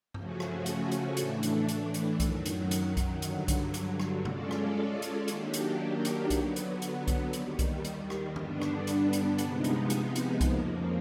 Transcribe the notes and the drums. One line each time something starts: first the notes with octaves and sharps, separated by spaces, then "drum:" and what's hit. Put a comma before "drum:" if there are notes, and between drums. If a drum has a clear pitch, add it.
C#3 F3 A3 C#4 F#4, drum: tom G2
drum: rim click
drum: hi-hat
drum: hi-hat
A2 E3 A3 D4, drum: hi-hat
drum: hi-hat
drum: hi-hat
drum: hi-hat
F#2 D#3 F#3, drum: kick B1, hi-hat
drum: hi-hat
drum: hi-hat
drum: kick B1, hi-hat
G2 D3 F#3, drum: hi-hat
drum: kick B1, hi-hat
drum: hi-hat
drum: rim click
G#3 C#4 F4 A4 D5, drum: tom
drum: rim click
drum: hi-hat
D#3 F#3 A#3 D4 G4, drum: hi-hat
drum: hi-hat
drum: hi-hat
D3 F#3 B3, drum: kick B1, hi-hat
drum: hi-hat
drum: hi-hat
drum: kick B1, hi-hat
D#2 D#3 G3, drum: hi-hat
drum: kick B1, hi-hat
drum: hi-hat
drum: rim click
G2 D3 G3 B3 D4, drum: tom E3
drum: rim click
drum: hi-hat
drum: hi-hat
C3 F3 G#3 B3 D#4, drum: hi-hat
drum: hi-hat
drum: hi-hat
drum: hi-hat
F2 C#3 F3 A#3, drum: kick B1, hi-hat